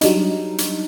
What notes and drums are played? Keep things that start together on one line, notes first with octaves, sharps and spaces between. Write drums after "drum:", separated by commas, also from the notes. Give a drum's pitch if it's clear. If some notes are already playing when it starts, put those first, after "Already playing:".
F#3 G3 D4 D#4, drum: hi-hat
drum: hi-hat